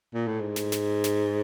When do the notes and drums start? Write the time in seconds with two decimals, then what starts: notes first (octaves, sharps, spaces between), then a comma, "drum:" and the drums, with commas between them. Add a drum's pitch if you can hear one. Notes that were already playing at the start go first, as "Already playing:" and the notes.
0.14 A#2
0.27 A2
0.40 G#2
0.56 drum: snare
0.72 drum: snare
1.04 drum: snare